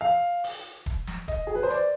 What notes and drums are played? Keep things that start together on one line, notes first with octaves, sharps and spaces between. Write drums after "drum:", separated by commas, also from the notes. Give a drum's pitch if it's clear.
F5
drum: open hi-hat
drum: kick E1, hi-hat
drum: snare
D#5, drum: kick E1, hi-hat
G#4
B4
C5
D5, drum: hi-hat